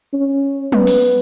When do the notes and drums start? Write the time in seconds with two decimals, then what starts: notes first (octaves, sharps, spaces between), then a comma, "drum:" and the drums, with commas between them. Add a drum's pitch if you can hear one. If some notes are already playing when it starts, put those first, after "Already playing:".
0.14 C#4
0.72 B3, drum: tom F#3
0.87 drum: open hi-hat